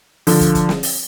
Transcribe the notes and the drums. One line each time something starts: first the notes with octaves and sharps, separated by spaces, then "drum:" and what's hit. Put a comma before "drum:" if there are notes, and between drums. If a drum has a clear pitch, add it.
D3 F3, drum: open hi-hat
drum: kick, hi-hat
drum: kick, hi-hat
drum: snare
drum: open hi-hat